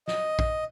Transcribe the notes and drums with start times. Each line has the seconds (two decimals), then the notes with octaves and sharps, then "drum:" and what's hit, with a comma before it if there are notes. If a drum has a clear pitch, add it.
0.08 D#5, drum: snare
0.39 drum: kick